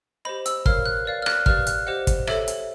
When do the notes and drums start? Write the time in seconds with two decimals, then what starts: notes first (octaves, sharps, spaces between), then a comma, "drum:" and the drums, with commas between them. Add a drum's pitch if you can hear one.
0.25 G4 C5 D#5 B5
0.46 E6, drum: hi-hat
0.66 A#4 C#5 F5 F6, drum: kick
0.86 F#6
1.05 B4 D5 F5
1.22 F6
1.26 F#6, drum: rim click
1.46 G4 B4 D5 F5 F6, drum: kick
1.67 F#6, drum: hi-hat
1.87 G4 C5 D#5 F#5
2.07 drum: kick, hi-hat
2.27 A4 C#5 E5, drum: rim click
2.48 drum: hi-hat